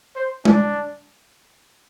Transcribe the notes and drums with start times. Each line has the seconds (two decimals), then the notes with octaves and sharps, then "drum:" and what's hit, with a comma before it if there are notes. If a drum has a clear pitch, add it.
0.15 C5
0.45 D4, drum: tom G#3